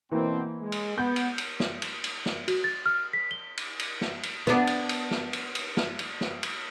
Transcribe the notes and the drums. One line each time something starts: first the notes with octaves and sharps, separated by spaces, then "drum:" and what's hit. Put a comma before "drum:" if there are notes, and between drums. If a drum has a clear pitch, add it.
B2 E3 A#3 C4
G#3
drum: cymbal
B3 G6
drum: cymbal
drum: cymbal
drum: snare
drum: cymbal
drum: cymbal
drum: snare
F#4, drum: cymbal
A6
F6
B6
G7
drum: cymbal
drum: cymbal
drum: snare
drum: cymbal
B3 D4, drum: snare
drum: cymbal
drum: cymbal
drum: snare
drum: cymbal
drum: cymbal
drum: snare
drum: cymbal
drum: snare
drum: cymbal